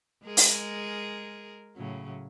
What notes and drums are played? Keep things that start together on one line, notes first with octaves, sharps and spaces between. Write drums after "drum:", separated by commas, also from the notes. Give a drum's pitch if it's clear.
G#3 G#4 A#4
drum: open hi-hat
A2 C#3 F#3